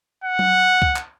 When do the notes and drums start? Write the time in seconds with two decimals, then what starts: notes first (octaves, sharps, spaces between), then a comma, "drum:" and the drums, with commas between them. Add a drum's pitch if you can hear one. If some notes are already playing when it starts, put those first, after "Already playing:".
0.24 F#5
0.39 drum: tom F#3
0.82 drum: kick C#2
0.96 drum: clap